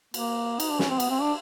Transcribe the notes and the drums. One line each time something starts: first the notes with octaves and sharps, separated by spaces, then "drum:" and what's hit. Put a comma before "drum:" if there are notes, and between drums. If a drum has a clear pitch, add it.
A#3, drum: cymbal
D#4, drum: cymbal
D4
C#4, drum: snare
C4
B3, drum: cymbal
C4
D4